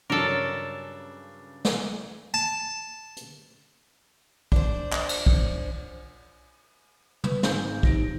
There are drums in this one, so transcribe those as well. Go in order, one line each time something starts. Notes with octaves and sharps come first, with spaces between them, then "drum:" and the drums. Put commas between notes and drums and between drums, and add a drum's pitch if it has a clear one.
G2 C#3 F#3 C#4 D4 A4 A#4
drum: snare
A5
drum: hi-hat
D4 C5, drum: kick
drum: clap
drum: cymbal
drum: kick
B4, drum: tom
G#1 G#2 C4 G6, drum: snare
D#1 D#4 A#6 D7, drum: kick